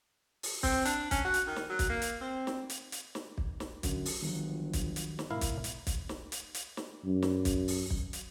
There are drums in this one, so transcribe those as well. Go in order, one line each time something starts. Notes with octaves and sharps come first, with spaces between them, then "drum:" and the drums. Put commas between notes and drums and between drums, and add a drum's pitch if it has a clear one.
drum: open hi-hat
C4, drum: kick, open hi-hat
D4, drum: hi-hat
C#4, drum: kick, hi-hat
F#4
drum: hi-hat
D#3
drum: snare
F#3
drum: kick, hi-hat
A#3
drum: hi-hat
C4
drum: snare
drum: hi-hat
drum: hi-hat
drum: snare
drum: kick
drum: snare
F#2 D3, drum: kick, hi-hat
drum: open hi-hat
G1 D#3 F3 F#3
drum: kick, hi-hat
drum: hi-hat
drum: snare
G#2 B2 E4 A#4 F5
drum: kick, hi-hat
drum: hi-hat
drum: kick, hi-hat
drum: snare
drum: hi-hat
drum: hi-hat
drum: snare
F#2
drum: snare
drum: kick, hi-hat
drum: open hi-hat
drum: kick
drum: hi-hat